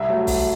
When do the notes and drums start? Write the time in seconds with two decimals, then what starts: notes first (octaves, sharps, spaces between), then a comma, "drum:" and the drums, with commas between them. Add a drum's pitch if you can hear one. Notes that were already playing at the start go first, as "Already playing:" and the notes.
Already playing: C2 E5
0.09 F#3 A3
0.27 drum: kick, open hi-hat